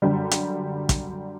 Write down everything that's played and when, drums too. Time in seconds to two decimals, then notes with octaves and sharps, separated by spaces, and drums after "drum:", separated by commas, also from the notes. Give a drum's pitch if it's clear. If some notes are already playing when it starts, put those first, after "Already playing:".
0.02 F#2 D3 G3
0.31 drum: hi-hat
0.89 drum: kick, hi-hat